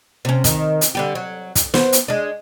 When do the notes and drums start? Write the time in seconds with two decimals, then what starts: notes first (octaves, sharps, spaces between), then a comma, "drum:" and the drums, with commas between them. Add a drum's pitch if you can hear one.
0.25 C3 C#4
0.44 D#3, drum: kick, hi-hat
0.81 drum: hi-hat
0.95 D3 G3 G4
1.15 F#3
1.55 drum: kick, hi-hat
1.74 B3 C4, drum: snare
1.93 drum: hi-hat
2.08 G#3 D4